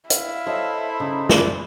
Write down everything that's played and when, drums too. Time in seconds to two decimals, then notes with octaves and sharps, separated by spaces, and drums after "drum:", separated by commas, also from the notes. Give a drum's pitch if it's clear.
0.10 E4 F5, drum: hi-hat
0.46 A4 C5 C#5 D#5 E5 C6
1.00 C#3 D#4
1.29 D5, drum: snare